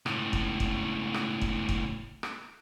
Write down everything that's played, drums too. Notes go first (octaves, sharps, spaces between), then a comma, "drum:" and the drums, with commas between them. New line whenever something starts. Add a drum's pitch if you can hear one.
C#2 A2, drum: rim click
drum: kick
drum: kick
drum: rim click
drum: kick
drum: kick
drum: rim click